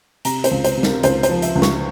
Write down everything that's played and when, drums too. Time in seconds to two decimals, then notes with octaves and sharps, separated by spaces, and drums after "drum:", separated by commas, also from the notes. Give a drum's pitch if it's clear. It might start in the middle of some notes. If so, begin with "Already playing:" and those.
0.25 C3 A#5, drum: hi-hat
0.44 C5, drum: hi-hat
0.51 C#2
0.64 C5, drum: hi-hat
0.77 C3
0.83 A#4, drum: snare
1.03 C#2 C5, drum: hi-hat
1.23 C5, drum: hi-hat
1.29 F3
1.42 E5, drum: hi-hat
1.55 C#2
1.62 C#6, drum: snare